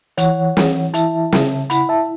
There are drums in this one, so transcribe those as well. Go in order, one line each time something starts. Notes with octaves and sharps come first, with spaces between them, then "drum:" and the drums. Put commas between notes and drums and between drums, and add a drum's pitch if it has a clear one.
E3 C#5 F#5, drum: hi-hat
E3, drum: snare
E4 E5 A5, drum: hi-hat
C#3, drum: snare
E4 F#5 B5, drum: hi-hat
E5 A5